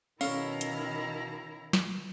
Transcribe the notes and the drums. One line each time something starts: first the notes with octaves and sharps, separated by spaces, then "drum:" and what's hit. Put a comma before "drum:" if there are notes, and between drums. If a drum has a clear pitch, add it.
B2 D#3 C#4 E4 A4 C#5 F5 A#5, drum: open hi-hat
drum: hi-hat
drum: snare